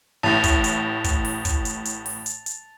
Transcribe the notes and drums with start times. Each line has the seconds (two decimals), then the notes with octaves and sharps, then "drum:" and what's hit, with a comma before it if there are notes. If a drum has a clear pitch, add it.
0.23 A1 A2 A5 A6 F7
0.44 drum: kick, hi-hat
0.64 drum: hi-hat
1.04 drum: kick, hi-hat
1.25 drum: open hi-hat
1.45 drum: kick, hi-hat
1.65 drum: hi-hat
1.85 drum: hi-hat
2.06 drum: open hi-hat
2.26 drum: hi-hat
2.46 drum: hi-hat